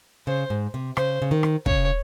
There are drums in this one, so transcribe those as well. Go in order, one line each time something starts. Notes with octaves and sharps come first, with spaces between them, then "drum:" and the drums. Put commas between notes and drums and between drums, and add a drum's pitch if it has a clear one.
C#3 C5
G#2
C3
C#3 C5, drum: rim click
C#3
D#3
drum: rim click
C#3 C#5, drum: kick